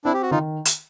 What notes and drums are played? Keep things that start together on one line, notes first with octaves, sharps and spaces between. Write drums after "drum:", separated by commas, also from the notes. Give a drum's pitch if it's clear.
C4 D4 E4
G4
F#4
D#3 D#4 F4
drum: hi-hat